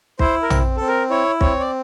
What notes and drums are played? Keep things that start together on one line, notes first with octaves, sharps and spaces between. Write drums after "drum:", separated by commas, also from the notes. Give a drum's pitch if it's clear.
E4 C5, drum: kick
A#4
C4, drum: tom
C4 A4
A#4
E4 C#5
C4 C#5, drum: kick
D5